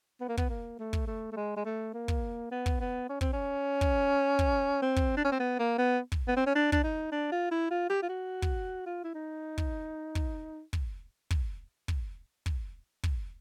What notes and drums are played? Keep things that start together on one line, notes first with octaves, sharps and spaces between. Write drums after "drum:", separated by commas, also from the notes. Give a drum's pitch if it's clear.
B3
A#3
B3, drum: kick
A#3
A3
drum: kick
A3
A3
G#3
G#3
A3
A#3
drum: kick
B3
drum: kick
B3
C#4
C4, drum: kick
C#4
drum: kick
drum: kick
C4
drum: kick
D4
C#4
C4
B3
A#3
B3
drum: kick
B3
C4
C#4
D4
D4, drum: kick
D#4
D4
F4
E4
F4
G4
F4
F#4
drum: kick
F4
E4
D#4
drum: kick
drum: kick
drum: kick
drum: kick
drum: kick
drum: kick
drum: kick